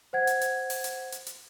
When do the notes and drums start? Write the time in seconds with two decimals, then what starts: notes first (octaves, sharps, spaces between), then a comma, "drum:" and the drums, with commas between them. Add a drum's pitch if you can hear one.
0.13 C5 F#5 G#6
0.27 drum: hi-hat
0.41 drum: hi-hat
0.70 drum: open hi-hat
0.84 drum: hi-hat
1.12 drum: hi-hat
1.27 drum: hi-hat